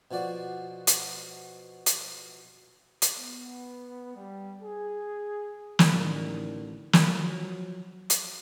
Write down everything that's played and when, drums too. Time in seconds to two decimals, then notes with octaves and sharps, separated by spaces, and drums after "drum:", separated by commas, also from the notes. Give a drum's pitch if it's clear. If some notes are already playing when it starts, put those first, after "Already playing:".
0.11 B2 F3 F#4 D5
0.87 drum: hi-hat
1.86 drum: hi-hat
3.02 drum: hi-hat
3.16 B3
4.15 G3
4.63 G#4
5.79 drum: snare
5.91 A1 D3 D#3
6.93 drum: snare
7.05 F3 F#3
8.10 drum: hi-hat